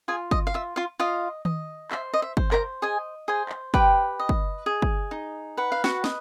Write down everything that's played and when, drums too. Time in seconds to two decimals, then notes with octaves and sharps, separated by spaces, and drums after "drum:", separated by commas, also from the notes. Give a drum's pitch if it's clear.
0.08 F4 G#4 G#5
0.31 D#5, drum: kick
0.47 F5
0.54 F4 E5
0.76 F4 F5
1.00 F4 D#5 F5
1.45 D#5, drum: tom D#3
1.91 C5 E5, drum: clap
2.14 D#5
2.22 E5
2.37 C5, drum: kick
2.52 A#4 A#5, drum: clap
2.82 G#4 D#5 G#5
3.28 G#4 C5 G#5
3.49 drum: clap
3.74 G4 B4 G5, drum: kick
4.20 D#5
4.29 drum: kick
4.66 G#4
4.82 drum: kick
5.11 D#4
5.57 B4 F#5
5.72 F5
5.84 F#4 F#5, drum: snare
6.04 D#5, drum: snare